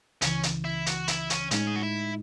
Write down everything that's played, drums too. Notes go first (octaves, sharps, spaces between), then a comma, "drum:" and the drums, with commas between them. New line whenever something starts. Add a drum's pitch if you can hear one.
C#2 C#3 E3 C#4, drum: hi-hat
drum: hi-hat
E4
F#4, drum: hi-hat
E4, drum: hi-hat
C#4, drum: hi-hat
A2 G#3 C#4 D#4, drum: hi-hat
G#4
F#4
E4